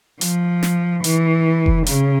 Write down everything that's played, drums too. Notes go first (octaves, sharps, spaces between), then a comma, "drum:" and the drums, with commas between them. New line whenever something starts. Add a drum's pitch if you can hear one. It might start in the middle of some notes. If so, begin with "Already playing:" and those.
F3, drum: hi-hat
drum: snare
E3, drum: hi-hat
drum: kick F1
C#3, drum: hi-hat